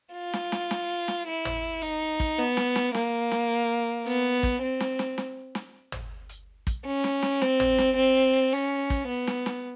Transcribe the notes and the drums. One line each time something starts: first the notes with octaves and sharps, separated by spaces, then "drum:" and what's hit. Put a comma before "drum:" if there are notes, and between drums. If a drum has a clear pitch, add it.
F4
drum: snare
drum: snare
drum: snare
drum: snare
E4
drum: tom G#1
D#4, drum: hi-hat
drum: kick, hi-hat
B3
drum: snare
drum: snare
A#3, drum: snare
drum: snare
B3, drum: hi-hat
drum: kick, hi-hat
C4
drum: snare
drum: snare
drum: snare
drum: snare
drum: tom G#1
drum: hi-hat
drum: kick, hi-hat
C#4
drum: snare
drum: snare
C4, drum: snare
drum: tom G#1
drum: snare
C4
C#4, drum: hi-hat
drum: kick, hi-hat
B3
drum: snare
drum: snare